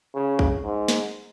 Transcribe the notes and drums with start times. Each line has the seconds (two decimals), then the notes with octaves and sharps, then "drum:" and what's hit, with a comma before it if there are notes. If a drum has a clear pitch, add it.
0.15 C#3
0.39 drum: kick A#1
0.64 G#2
0.88 drum: snare